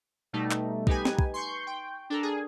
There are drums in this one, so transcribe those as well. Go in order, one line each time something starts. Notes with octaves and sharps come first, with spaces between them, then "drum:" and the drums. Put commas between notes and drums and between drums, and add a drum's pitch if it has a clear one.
B2 G3 A3 D#4
drum: clap
D#4 G4 B4 G#5, drum: kick
drum: snare
drum: kick
C6 C#6 G6
G5
D4 A4 A#4
G#4